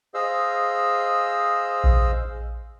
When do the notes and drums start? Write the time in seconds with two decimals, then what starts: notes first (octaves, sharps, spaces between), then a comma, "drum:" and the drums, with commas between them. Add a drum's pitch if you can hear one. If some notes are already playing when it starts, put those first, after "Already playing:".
0.14 G#4 C5 D#5 F5 E6
1.84 drum: kick A#1